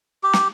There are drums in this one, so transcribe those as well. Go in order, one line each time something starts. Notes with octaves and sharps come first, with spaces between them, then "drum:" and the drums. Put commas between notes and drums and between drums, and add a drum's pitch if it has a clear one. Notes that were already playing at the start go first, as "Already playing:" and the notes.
G4
drum: snare